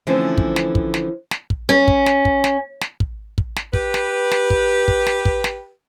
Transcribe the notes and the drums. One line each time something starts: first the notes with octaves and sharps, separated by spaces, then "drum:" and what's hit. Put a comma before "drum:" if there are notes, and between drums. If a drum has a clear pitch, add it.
D3 E3 F3 A3 C4 C#4
drum: kick
drum: snare
drum: kick
drum: snare
drum: snare
drum: kick
C#4
drum: kick
drum: snare
drum: kick
drum: snare
drum: snare
drum: kick
drum: kick
drum: snare
G4 B4, drum: kick
drum: snare
drum: snare
drum: kick
drum: kick
drum: snare
drum: kick
drum: snare